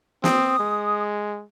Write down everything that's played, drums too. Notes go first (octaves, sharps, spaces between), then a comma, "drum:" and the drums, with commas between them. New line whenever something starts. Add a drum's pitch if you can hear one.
C4 D#6, drum: snare
G#3